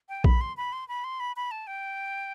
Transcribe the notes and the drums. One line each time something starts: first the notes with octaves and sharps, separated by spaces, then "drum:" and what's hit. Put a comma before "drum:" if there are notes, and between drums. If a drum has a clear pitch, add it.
G5
B5, drum: kick A#1
C6
B5
C6
B5
C6
B5
B5
A5
G5